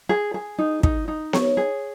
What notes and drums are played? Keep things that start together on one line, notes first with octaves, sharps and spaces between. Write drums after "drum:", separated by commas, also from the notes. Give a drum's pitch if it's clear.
G#4
G#4
D#4
D#4, drum: kick
D#4
C#5, drum: snare B3
G#4